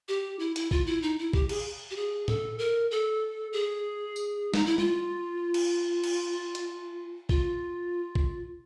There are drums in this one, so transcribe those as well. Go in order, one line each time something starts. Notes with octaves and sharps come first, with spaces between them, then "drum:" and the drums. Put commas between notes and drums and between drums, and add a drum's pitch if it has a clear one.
G4
E4
E4, drum: hi-hat
F4, drum: kick
E4
D#4
E4
G4, drum: kick
G#4, drum: cymbal
G4
G#4
A4, drum: tom A2
A#4
A4
G#4
drum: tambourine
D#4, drum: snare
E4
F4, drum: tom G3
drum: cymbal
drum: cymbal
drum: hi-hat
F4, drum: kick
drum: kick